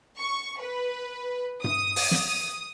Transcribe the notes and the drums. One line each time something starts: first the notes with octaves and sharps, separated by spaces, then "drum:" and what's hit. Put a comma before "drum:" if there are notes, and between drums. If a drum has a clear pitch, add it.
C#6
B4
D#6, drum: tom G2
drum: open hi-hat
drum: snare